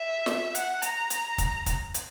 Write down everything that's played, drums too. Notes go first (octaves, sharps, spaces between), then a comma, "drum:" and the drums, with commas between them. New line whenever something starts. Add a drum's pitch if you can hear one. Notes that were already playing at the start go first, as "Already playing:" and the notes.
Already playing: E5
drum: snare
F#5, drum: hi-hat
A#5, drum: hi-hat
drum: hi-hat
drum: kick, hi-hat
drum: kick, hi-hat
drum: hi-hat